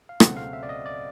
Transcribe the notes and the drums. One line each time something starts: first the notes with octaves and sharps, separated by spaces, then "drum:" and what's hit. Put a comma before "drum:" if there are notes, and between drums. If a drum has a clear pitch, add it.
F5
C#2 B2 F#3 A3 C4 F#5, drum: rim click
F5
E5
D5
D#5
D5